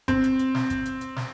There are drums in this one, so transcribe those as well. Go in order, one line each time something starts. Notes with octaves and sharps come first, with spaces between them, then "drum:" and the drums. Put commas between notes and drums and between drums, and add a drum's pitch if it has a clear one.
C4, drum: kick G#1, hi-hat
drum: hi-hat
drum: hi-hat
drum: snare
drum: kick G#1, hi-hat
drum: hi-hat
drum: hi-hat
drum: snare